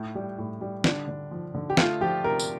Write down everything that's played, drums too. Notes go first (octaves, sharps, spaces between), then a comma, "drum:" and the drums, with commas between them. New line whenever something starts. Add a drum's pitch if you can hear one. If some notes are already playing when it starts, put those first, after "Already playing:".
Already playing: A2
G3
A2
G3
D3 D4, drum: snare
D3
F3
D3
G4
A3 F4, drum: snare
F3 G4
C3 A#4
drum: tambourine